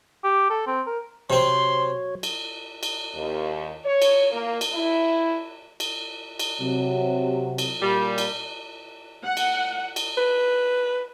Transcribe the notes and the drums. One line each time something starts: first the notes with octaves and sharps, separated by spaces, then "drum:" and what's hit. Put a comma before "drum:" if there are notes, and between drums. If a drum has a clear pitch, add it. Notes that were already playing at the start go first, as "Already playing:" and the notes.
G4
A4
C4
A#4
C3 F#3 C4 C#5 C6
drum: cymbal
drum: cymbal
D#2
C#5
drum: cymbal
A#3
drum: cymbal
E4
drum: cymbal
drum: cymbal
C3 F#3
drum: cymbal
A#2 G3
drum: cymbal
F#5
drum: cymbal
drum: cymbal
B4